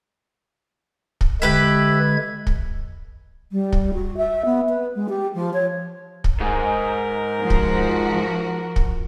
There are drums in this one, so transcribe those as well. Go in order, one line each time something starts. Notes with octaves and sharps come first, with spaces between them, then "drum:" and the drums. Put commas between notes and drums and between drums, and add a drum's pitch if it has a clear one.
drum: kick
D3 G#3 G4 B4 E5 G#6
drum: kick
G3
drum: kick
F#4
E5
B3
B4
G#3
G4
F3
C#5
drum: kick
G#2 A#4
F3 F#4
drum: kick
drum: kick